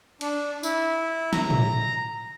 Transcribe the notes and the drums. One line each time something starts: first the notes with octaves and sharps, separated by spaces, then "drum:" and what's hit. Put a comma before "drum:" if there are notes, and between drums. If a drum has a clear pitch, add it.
D4, drum: cymbal
E4, drum: tambourine
A#5, drum: snare
drum: tom A2